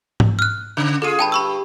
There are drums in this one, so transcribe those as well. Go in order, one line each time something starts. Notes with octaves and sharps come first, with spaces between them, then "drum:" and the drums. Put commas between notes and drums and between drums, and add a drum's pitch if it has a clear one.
drum: tom G#2
F6 F#6
C#3
F4 G#4 A4 D#7
G2 G5 A5 B5
B5 C#6 E6